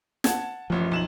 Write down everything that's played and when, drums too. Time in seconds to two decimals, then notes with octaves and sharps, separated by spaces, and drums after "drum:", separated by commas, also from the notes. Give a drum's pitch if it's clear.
0.24 F#5 A5 G#6, drum: snare
0.70 A1 F#2 F3
0.91 B1 E7 F#7